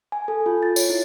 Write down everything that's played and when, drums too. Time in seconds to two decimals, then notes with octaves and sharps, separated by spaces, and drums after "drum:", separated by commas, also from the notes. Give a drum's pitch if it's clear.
0.12 G#5
0.28 A4
0.46 F4
0.63 A6
0.76 C#5, drum: tambourine
0.89 E4